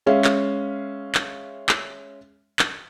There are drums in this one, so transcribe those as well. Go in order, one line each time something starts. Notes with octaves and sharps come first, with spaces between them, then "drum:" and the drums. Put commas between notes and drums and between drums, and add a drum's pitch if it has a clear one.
G#3 C#4 E5 F5
drum: clap
drum: clap
drum: clap
drum: clap